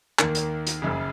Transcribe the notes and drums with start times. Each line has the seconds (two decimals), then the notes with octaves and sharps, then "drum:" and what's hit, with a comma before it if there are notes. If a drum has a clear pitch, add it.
0.19 D#2 D#3 A#3, drum: clap
0.35 drum: hi-hat
0.67 drum: hi-hat
0.82 F#1 F#2 C#3